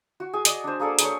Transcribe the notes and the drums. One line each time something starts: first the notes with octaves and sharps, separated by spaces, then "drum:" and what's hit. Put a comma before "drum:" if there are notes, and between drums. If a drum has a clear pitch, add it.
F#4
G#4 G#5
D5 D#5, drum: hi-hat
D4 C5
A#3 G#4 A4 D5
G#4 B4 C#5, drum: hi-hat